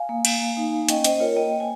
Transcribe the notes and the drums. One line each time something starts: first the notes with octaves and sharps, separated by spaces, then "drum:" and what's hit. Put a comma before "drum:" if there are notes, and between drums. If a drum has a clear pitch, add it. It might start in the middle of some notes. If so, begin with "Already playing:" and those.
Already playing: F5 G#5
A#3
A#3, drum: cymbal
A#3
D#4
A#3
C#4 D#5 G5, drum: hi-hat
A#3 C5 D#5, drum: hi-hat
F4 A#4 C#5
A#3 D#5 G5
A#3
G#5